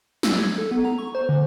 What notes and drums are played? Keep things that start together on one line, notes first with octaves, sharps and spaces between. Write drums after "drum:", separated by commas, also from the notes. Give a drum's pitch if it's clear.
E6, drum: snare
G#6
A4
B3
A#5
C#6
C5
D3